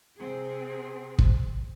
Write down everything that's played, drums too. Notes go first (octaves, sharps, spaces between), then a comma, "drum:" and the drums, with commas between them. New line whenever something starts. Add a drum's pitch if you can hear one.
C3 C4 G#4
drum: kick